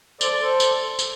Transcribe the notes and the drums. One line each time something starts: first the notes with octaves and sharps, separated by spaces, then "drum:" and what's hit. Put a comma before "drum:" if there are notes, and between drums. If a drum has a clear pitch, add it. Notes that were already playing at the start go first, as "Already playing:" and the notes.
A4 C5 D5, drum: tambourine
A4 C5
drum: tambourine
drum: tambourine